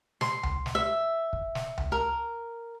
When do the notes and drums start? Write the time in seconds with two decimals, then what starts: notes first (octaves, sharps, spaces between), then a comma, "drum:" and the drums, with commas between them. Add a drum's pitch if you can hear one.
0.21 C6, drum: snare
0.43 drum: tom C#2
0.66 drum: snare
0.75 E5
1.33 drum: kick
1.55 drum: snare
1.78 drum: tom C#2
1.92 A#4